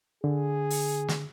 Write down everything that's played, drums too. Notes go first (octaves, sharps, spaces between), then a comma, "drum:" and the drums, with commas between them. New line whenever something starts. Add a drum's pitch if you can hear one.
D3 G#4
drum: open hi-hat
drum: snare